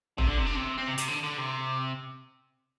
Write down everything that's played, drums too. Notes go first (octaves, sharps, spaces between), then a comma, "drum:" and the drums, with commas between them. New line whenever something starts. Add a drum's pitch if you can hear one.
C3, drum: tom
D3
C3
D3
C3
C4
C3
C3, drum: hi-hat
D3
D3
C3